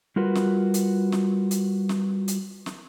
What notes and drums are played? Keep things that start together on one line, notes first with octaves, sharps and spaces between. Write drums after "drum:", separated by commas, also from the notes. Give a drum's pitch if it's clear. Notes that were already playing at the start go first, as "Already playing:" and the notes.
G3 F4 F#4 A#4 B4
drum: snare
drum: hi-hat
drum: snare
drum: hi-hat
drum: snare
drum: hi-hat
drum: snare